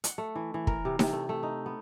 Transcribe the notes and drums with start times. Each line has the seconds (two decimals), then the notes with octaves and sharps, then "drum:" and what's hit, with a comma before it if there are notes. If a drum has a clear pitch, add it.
0.04 F#5, drum: hi-hat
0.18 A3
0.35 E3
0.54 E3
0.67 A#4, drum: kick
0.85 C3
0.99 C3, drum: snare D#4
1.13 A3
1.29 A3
1.43 D#4
1.66 B3